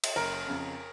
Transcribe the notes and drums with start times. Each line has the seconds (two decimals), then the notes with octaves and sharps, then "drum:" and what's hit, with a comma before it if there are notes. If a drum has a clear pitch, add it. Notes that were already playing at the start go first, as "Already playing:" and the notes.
0.04 drum: cymbal
0.16 F#1 A#4
0.47 F2 C#3